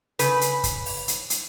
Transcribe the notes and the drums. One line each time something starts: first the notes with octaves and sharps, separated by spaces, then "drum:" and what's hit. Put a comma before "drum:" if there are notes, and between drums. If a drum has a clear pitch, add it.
C#3 B4, drum: hi-hat
drum: hi-hat
drum: kick, hi-hat
drum: open hi-hat
drum: hi-hat
drum: hi-hat